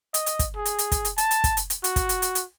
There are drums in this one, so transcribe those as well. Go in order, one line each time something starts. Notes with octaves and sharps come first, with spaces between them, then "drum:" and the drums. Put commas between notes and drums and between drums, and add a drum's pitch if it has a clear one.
D#5, drum: hi-hat
drum: hi-hat
drum: kick, hi-hat
G#4
drum: hi-hat
drum: hi-hat
drum: kick, hi-hat
drum: hi-hat
A5, drum: hi-hat
drum: hi-hat
drum: kick, hi-hat
drum: hi-hat
drum: hi-hat
F#4, drum: hi-hat
drum: kick, hi-hat
drum: hi-hat
drum: hi-hat
drum: hi-hat